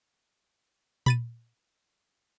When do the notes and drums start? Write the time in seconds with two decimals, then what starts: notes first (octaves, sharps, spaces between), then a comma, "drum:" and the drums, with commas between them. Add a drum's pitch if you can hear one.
1.06 B5 A6 D#7, drum: tom A#2